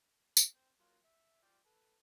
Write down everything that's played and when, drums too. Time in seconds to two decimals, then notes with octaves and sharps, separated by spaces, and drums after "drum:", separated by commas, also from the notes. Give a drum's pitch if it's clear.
0.37 drum: tambourine
0.55 C4 G5
0.79 F#3 A#3 F4
1.05 E5
1.43 F3 D5 G5
1.66 A4 B4